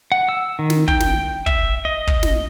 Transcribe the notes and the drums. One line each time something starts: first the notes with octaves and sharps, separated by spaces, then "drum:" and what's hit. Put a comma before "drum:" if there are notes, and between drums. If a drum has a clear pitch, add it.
F#5
E6
D#3
drum: snare
G5, drum: kick
drum: snare
E5, drum: kick
D#5
drum: kick
drum: snare